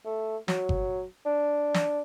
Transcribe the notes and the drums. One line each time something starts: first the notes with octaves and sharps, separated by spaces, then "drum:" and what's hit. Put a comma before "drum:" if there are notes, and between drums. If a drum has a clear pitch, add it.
A3
F#3, drum: snare
drum: kick G1
D4
drum: snare